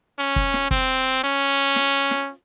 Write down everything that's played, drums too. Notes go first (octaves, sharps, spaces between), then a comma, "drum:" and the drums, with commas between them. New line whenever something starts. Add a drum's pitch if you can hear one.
C#4
drum: kick
drum: snare
C4, drum: kick
C#4
drum: snare
drum: snare